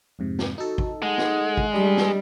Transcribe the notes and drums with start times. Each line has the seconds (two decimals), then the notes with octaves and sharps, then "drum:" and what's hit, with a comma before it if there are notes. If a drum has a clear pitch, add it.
0.19 F2 G#2 C3
0.39 drum: snare
0.58 D#4 F#4 A4
0.78 drum: kick
1.02 G#3 F#5
1.18 drum: snare
1.57 drum: kick
1.73 G3 D4 G4 D#5
1.97 drum: snare